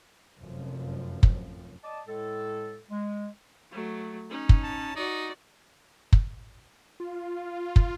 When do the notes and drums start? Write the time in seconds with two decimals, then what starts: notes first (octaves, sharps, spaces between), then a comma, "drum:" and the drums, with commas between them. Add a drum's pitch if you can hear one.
0.38 F1 F#2 F3
1.23 drum: kick
1.84 D5 D#5 A5
2.07 A2 G#3 A4
2.91 G#3
3.72 F#3 A3
4.30 C#4 D#4
4.49 drum: kick
4.63 A5
4.96 D#4 F#4 D5
6.13 drum: kick
7.00 F4
7.76 drum: kick